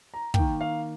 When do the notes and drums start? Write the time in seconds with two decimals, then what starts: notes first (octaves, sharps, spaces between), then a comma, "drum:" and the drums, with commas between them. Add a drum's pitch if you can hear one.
0.14 A#5
0.34 D#3 A#3 G5, drum: kick
0.61 F5